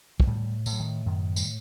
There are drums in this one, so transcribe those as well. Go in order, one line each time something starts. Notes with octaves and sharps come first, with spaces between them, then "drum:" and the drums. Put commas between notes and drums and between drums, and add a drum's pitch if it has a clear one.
F#3, drum: kick
A2 G3
A2, drum: tambourine
F#3
D#3
F#2 D#3
G3, drum: tambourine